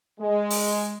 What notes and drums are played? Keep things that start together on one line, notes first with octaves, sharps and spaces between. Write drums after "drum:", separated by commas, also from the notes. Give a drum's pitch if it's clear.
G#3
drum: open hi-hat